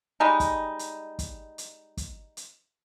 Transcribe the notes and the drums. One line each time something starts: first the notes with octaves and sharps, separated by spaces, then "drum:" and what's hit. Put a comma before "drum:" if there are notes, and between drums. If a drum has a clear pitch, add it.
G3 G#3 D#4
drum: kick, hi-hat
drum: hi-hat
drum: kick, hi-hat
drum: hi-hat
drum: kick, hi-hat
drum: hi-hat